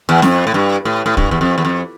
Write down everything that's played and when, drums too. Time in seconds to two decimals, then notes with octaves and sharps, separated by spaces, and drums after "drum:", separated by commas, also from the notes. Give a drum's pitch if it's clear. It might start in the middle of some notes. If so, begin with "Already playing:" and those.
0.09 E2
0.22 F2, drum: snare
0.47 A2
0.54 G2
0.85 A2
1.06 A2
1.17 G2, drum: kick
1.31 E2
1.41 F2
1.58 E2
1.65 F2